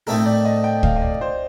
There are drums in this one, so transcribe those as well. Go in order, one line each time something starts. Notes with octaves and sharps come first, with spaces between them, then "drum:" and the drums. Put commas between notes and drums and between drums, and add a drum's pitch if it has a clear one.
A2 A3 C4 D#4 A4 A#4
D5
D#5
G5
F5, drum: kick C#2
D#5
D5
C5